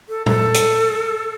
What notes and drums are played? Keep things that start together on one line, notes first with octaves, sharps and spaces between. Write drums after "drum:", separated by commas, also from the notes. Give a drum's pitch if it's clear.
A4
A4, drum: tom A#2
drum: hi-hat